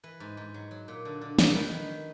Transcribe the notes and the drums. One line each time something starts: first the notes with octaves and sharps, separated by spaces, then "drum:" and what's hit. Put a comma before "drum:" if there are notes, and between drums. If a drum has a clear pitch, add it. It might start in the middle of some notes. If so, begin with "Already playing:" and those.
E3 B4
G#2
G#2
F#3
F#3
A#2
D3
D3
D3, drum: snare
A#4
D#3 B4
D#3
D#3